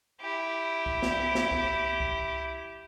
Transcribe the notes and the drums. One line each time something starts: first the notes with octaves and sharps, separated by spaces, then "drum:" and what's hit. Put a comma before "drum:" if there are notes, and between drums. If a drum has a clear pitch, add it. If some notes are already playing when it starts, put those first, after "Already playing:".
E4 G4
drum: kick C2
drum: snare
drum: snare
drum: kick C2
drum: kick C2